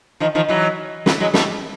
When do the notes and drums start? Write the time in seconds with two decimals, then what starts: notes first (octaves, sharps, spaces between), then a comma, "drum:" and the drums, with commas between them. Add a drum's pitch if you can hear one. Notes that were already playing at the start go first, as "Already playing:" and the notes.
0.20 D#3 F3
0.35 D#3 F3
0.49 E3 F#3
1.06 E3 F#3, drum: snare
1.20 F#3 G#3
1.34 G3 A3, drum: snare